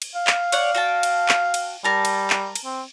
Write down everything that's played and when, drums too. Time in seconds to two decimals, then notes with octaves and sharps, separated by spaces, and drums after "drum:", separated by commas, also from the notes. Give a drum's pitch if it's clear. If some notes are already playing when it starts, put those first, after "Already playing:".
0.02 drum: cymbal
0.15 F5
0.27 drum: clap
0.52 C#5 D5 F#5, drum: cymbal
0.75 F#4 G5 A5
1.03 drum: cymbal
1.29 drum: clap
1.54 drum: cymbal
1.84 G3 A#4 A5
2.05 drum: cymbal
2.30 drum: clap
2.55 drum: cymbal
2.65 C4